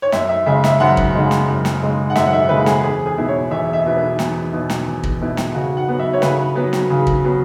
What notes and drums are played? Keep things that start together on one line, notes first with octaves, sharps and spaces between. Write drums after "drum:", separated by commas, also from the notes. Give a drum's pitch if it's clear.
C#5
F#2 E5, drum: snare
E5
C#3 G#3 E5
E5, drum: snare
F#2 F#5
drum: kick
C#3 G#3
drum: snare
F#2
drum: snare
C#3 G#3
F#5
F#2 E5, drum: snare
F#5
E5
C#3 G#3 B4
G#4, drum: snare
E2 G#4
G#4
B2 B3 E4
C#5
E2 E5
E5
B2 B3 E4
B4
E2, drum: snare
B2 B3 E4
drum: snare
E2
drum: kick
B2 B3 E4
drum: snare
C#3 F#4
F#5
F#3 B3
E5
C#5
C#3 B4, drum: snare
F#3 B3
drum: snare
C#3
drum: kick
F#3 B3